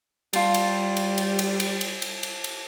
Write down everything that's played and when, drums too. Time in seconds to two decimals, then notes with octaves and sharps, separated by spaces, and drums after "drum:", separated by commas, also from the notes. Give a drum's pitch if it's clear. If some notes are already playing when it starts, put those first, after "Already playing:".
0.33 G3 F4 A5, drum: cymbal
0.54 drum: cymbal
0.97 drum: cymbal
1.18 drum: cymbal
1.39 drum: cymbal
1.60 drum: cymbal
1.81 drum: cymbal
2.02 drum: cymbal
2.23 drum: cymbal
2.44 drum: cymbal